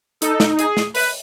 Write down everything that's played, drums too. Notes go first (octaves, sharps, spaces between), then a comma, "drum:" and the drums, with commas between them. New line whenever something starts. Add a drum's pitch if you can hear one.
D#4 A4, drum: hi-hat
drum: snare
G#4, drum: hi-hat
drum: snare
B4, drum: open hi-hat